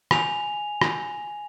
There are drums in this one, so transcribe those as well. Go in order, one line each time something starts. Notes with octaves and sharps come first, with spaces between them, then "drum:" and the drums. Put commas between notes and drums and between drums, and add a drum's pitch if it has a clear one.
G#5 F7, drum: rim click
drum: rim click